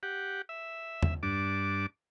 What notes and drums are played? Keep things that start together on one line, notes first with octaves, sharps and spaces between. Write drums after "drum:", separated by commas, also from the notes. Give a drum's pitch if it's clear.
G4 F#5
E5
drum: tom
G2 D4 D6